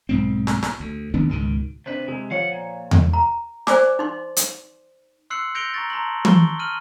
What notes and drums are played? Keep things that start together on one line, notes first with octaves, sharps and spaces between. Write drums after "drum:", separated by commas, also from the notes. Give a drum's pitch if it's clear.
B1 G#2 C4
drum: snare
drum: snare
D2
D1 D#3 B3 D4
C#2 G#2 B2 D#3
C3 C4 D4 B4
C3 G#3
F3 C#5 F5 F#5 C#7
A#2
drum: tom E2
A#5
C5 D5 G#5 D6, drum: snare
D#4 C6
drum: hi-hat
C6 E6 F#6 C7 C#7 F#7
G6 A#6 C#7 D7 F7 G7
A#5 C#6 A6
A5 A#5 C6 F#7
C#6 G7, drum: tom
F6 D#7 F#7